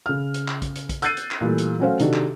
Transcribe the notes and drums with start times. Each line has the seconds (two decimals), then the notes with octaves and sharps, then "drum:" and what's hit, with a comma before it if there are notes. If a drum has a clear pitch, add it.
0.06 C#3 F6
0.34 drum: hi-hat
0.48 drum: clap
0.62 drum: kick, hi-hat
0.76 drum: hi-hat
0.89 drum: kick, hi-hat
1.02 E6 F#6 G6 A6 C7 D#7, drum: hi-hat
1.17 drum: hi-hat
1.31 drum: clap
1.41 A#2 E3 G3 A3
1.58 drum: hi-hat
1.80 F#3 A3 C#4 F#4 C5 F5
2.00 C3 D#3 D4 F#4 G4 A4, drum: hi-hat
2.13 drum: clap